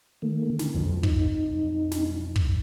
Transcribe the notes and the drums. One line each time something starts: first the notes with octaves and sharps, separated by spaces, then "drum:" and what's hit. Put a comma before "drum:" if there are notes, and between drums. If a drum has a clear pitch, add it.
D#3 A3 A#3
D3
drum: snare
B1 F2
D#4, drum: kick
drum: snare
drum: kick